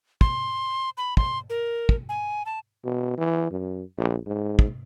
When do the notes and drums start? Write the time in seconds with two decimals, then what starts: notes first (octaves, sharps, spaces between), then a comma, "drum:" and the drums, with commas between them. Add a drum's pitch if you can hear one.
0.21 C6, drum: kick
0.98 B5
1.17 C6, drum: kick
1.50 A#4
1.89 drum: kick
2.09 G#5
2.46 A5
2.84 B2
3.18 E3
3.51 F#2
3.97 A#1
4.26 G#2
4.59 drum: kick